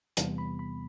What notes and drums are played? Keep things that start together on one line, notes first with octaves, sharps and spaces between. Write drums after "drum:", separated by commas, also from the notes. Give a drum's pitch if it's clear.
E2 C3 E3 G3 B3 A5, drum: hi-hat
B5
B5